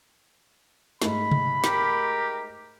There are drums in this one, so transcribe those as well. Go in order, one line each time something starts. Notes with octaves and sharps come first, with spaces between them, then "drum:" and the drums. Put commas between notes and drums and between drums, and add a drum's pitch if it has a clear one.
G#2 A3 B5, drum: snare
drum: tom C3
G4 A#4, drum: snare